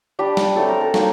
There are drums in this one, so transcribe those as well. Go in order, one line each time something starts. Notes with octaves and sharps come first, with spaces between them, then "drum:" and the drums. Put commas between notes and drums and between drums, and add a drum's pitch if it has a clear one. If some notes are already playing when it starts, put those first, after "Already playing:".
G3 D4 G4
drum: snare
F#3 A3 C4 A4
A#4
A4
F#3 A#3 D#4, drum: snare